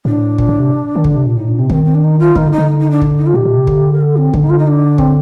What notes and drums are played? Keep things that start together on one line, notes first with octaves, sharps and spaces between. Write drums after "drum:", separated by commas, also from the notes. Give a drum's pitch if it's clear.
A2 D4
A#2, drum: kick
A2
C3
D#3
D3, drum: kick
C3
A#2
A2 D#4
A#2 D4
C3 C4
D#3 C4, drum: kick
C4
D4
D#4
F4
D#3 D#4, drum: kick
D3
D#4
D3
D#4
D4
drum: kick
D#4
F4
A#2 G4
A#2
C3
D3, drum: kick
A#4
A4
C4
D3 D4, drum: kick
D#4
F4
D#4
D4
C4, drum: kick